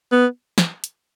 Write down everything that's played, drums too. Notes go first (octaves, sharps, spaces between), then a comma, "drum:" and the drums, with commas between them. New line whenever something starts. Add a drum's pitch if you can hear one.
B3
drum: snare
drum: hi-hat